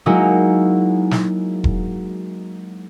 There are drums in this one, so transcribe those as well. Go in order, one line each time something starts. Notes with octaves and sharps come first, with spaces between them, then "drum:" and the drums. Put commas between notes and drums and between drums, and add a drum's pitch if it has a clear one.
F#3 G#3 A#3 D#4 E4 F#4
drum: snare
drum: kick E1